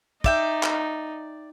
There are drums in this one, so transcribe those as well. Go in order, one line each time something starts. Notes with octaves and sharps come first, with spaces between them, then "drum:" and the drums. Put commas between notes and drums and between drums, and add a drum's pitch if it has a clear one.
D#4 D5 E5 G5, drum: kick
drum: clap